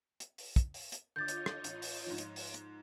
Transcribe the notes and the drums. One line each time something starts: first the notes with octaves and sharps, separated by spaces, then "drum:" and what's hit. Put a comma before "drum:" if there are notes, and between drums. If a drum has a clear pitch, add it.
drum: hi-hat
drum: open hi-hat
drum: kick, hi-hat
drum: open hi-hat
drum: hi-hat
D3 F4 C#5 D#5 D6 G6 A6
drum: hi-hat
drum: rim click
A1, drum: hi-hat
drum: open hi-hat
G#2 F3
drum: hi-hat
drum: open hi-hat
drum: hi-hat